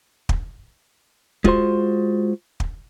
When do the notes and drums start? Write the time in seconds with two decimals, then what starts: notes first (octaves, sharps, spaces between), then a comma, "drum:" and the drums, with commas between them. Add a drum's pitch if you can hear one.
0.29 drum: kick
1.44 G#3 F4 F#4 C5 C6, drum: kick
2.60 drum: kick